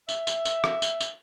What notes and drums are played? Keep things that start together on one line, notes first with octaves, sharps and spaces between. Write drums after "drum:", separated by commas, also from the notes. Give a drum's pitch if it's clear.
E5, drum: tambourine
drum: tambourine
drum: tambourine
drum: rim click
drum: tambourine
drum: tambourine